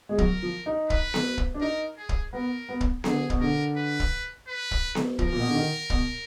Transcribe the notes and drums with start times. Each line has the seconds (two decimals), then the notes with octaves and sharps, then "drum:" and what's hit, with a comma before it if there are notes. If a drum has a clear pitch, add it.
0.09 G#3
0.18 F#3 A#4, drum: kick
0.43 F3
0.66 D#4
0.90 B4, drum: kick
1.14 drum: snare B3
1.38 drum: kick
1.54 D4
1.61 D#4 A#4
1.98 G#4
2.09 drum: kick
2.33 B3 A#4
2.69 B3
2.81 drum: kick
3.04 D3 G#4, drum: snare B3
3.30 B2, drum: kick
3.40 D3 A#4
3.77 B4
4.00 drum: kick
4.48 B4
4.71 drum: kick
4.95 drum: snare B3
5.19 F3 A#4, drum: kick
5.32 A#2
5.40 B2
5.48 D3
5.54 D#3
5.90 B2, drum: kick